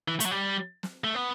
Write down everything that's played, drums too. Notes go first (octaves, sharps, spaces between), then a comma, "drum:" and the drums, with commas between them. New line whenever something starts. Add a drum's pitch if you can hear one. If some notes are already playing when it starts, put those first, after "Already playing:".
E3
A3, drum: hi-hat
F#3
G3
drum: snare
A3
B3